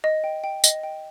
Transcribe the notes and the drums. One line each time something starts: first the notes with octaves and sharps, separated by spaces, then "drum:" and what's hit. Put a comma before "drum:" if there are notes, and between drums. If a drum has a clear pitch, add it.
D#5
G5
G5
D#5, drum: tambourine
G5